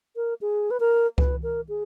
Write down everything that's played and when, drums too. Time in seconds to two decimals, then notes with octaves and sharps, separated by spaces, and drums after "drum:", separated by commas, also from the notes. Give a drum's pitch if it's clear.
0.16 A#4
0.41 G#4
0.71 B4
0.80 A#4
1.18 B4, drum: kick C#2
1.43 A#4
1.69 G#4